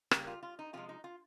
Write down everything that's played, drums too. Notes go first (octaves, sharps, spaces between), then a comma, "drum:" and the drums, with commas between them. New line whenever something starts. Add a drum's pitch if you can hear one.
C#3 G3 A#3 A#4, drum: rim click
F4
F4
D#4
C3 F3 G#3 F4
D#4
F4